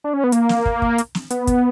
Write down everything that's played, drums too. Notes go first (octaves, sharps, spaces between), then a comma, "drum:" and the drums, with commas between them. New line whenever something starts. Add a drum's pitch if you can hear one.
D4
C#4
B3
A#3, drum: hi-hat
drum: snare
drum: kick
drum: kick
drum: hi-hat
drum: snare
B3, drum: hi-hat
drum: kick, hi-hat